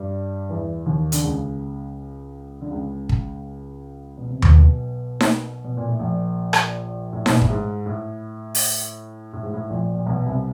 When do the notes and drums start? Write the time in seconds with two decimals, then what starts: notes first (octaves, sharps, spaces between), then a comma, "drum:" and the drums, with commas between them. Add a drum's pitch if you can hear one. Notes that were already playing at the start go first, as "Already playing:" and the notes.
Already playing: G2 G3
0.49 E2 E3
0.86 D#2 D#3
1.12 D3, drum: hi-hat
1.23 C#2 C#3
2.61 D3
2.71 C#2 C#3
3.09 drum: kick
4.17 B2
4.30 C3
4.42 B1 B2, drum: tom D#2
5.21 drum: snare D#4
5.65 B2
5.77 A#2
5.88 A2
5.99 A#1 A#2
6.53 drum: rim click
7.13 A2
7.26 B2, drum: snare D#4
7.33 A#2
7.41 A2, drum: kick
7.50 G#2
7.86 A2
8.55 drum: open hi-hat
9.33 A2
9.43 G#2
9.53 A2
9.70 A#1 A#2
9.95 A#2
10.07 B1 B2
10.26 C2 C3